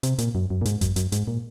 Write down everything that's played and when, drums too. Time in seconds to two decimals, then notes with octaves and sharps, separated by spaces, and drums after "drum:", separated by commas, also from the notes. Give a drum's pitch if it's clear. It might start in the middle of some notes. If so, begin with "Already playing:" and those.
0.03 C3, drum: hi-hat
0.18 A#2, drum: hi-hat
0.35 F#2
0.50 F#2
0.62 A#2
0.66 G#2, drum: hi-hat
0.81 F#2, drum: kick G#1, hi-hat
0.96 F#2, drum: hi-hat
1.12 G#2, drum: hi-hat
1.27 A#2